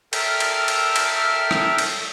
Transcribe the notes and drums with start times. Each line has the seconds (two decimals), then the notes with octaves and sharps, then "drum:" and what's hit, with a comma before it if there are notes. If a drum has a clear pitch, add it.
0.13 A4 A#4 E5 G5 F6, drum: cymbal
0.40 drum: cymbal
0.68 drum: cymbal
0.96 drum: cymbal
1.51 drum: rim click
1.78 drum: cymbal